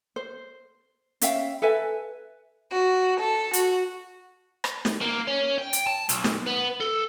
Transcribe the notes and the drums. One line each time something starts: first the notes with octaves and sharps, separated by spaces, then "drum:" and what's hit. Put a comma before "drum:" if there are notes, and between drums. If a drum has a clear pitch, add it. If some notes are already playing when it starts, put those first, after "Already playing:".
C5
C#4 E5 F5 G5, drum: hi-hat
A4 B4 E5 G#5
F#4
A4
F#4, drum: hi-hat
drum: rim click
drum: snare
A#3
C#4
G5
drum: hi-hat
A5
B1, drum: hi-hat
drum: snare
B3
A4